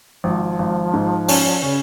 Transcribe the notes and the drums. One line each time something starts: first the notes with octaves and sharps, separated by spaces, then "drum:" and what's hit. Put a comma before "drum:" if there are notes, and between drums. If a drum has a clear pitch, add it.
G#1 F3
G#1
G#2
C#4, drum: open hi-hat
C#3 C#4